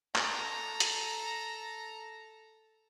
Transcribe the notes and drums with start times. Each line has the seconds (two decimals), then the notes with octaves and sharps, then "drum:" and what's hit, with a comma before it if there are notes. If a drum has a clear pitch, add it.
0.16 A4 A#5, drum: clap
0.80 drum: hi-hat